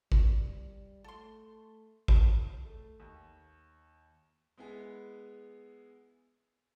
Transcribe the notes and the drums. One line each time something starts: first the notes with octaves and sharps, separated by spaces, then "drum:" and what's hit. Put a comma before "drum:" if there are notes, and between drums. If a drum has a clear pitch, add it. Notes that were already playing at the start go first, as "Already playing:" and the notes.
G3, drum: kick G#1
A3 A4 C6
A5, drum: kick G#1
A3
D#2
G#3 B3 E4 G#4